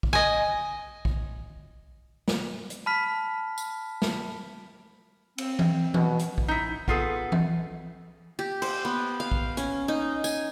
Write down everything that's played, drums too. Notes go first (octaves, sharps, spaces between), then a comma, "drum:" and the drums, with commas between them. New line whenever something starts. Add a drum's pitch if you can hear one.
drum: kick A#1
D#5 G#5
drum: kick A#1
drum: snare
drum: hi-hat
A5 B5 F6 B6
drum: tambourine
drum: snare
C4, drum: cymbal
drum: tom E3
B2, drum: tom E3
drum: hi-hat
drum: kick A#1
D#4 E4
B3 F4 G#4 A4, drum: kick A#1
drum: tom E3
G4
C5, drum: cymbal
B3
F5
drum: kick A#1
C#4, drum: hi-hat
D#4
G#5, drum: tambourine